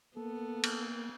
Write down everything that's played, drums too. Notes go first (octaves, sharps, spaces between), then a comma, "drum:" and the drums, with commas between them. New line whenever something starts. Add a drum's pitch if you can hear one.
A#3 B3 A4
drum: cymbal